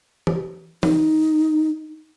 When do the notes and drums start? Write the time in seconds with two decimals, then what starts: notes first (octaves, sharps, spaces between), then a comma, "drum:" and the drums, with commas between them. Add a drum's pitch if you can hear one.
0.27 drum: tom E3
0.83 D#4, drum: tom E3